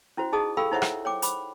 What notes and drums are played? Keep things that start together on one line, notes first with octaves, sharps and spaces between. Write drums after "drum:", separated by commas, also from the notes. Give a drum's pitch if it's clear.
C#4 E4 F#4 C5
D#4 G#4 D#5 A5 D#6
G4 A4 F5 G5 B5 E6
D#4 E4 C5 C#5 E5 F#5
drum: rim click
C#5 G5 D6
C5 B5 D6, drum: hi-hat